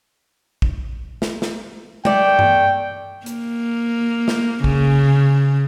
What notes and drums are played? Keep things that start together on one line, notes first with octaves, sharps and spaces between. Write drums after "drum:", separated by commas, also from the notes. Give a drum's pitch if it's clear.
drum: kick
drum: snare
drum: snare
A3 D5 G5, drum: tom G#3
drum: tom G2
A#3, drum: hi-hat
drum: snare
C#3, drum: kick